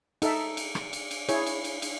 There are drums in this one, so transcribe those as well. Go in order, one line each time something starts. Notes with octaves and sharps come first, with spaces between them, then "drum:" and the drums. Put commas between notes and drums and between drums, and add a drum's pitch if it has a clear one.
D#4 A4 E5, drum: cymbal
drum: cymbal
drum: rim click
drum: cymbal
drum: cymbal
E4 G#4 C#5, drum: cymbal
drum: cymbal
drum: cymbal
drum: cymbal